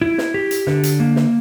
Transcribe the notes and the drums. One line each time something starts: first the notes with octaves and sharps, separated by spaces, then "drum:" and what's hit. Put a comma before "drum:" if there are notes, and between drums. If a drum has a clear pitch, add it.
E4
drum: snare
G4
drum: hi-hat
D3, drum: snare
drum: hi-hat
A#3
drum: snare